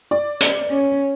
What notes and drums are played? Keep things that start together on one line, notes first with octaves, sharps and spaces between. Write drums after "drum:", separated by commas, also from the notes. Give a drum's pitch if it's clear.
D5
drum: hi-hat
C#4